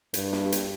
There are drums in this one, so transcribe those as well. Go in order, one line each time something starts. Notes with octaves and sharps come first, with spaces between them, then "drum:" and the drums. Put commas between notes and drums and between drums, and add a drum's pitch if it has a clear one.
G2, drum: hi-hat
drum: snare
drum: hi-hat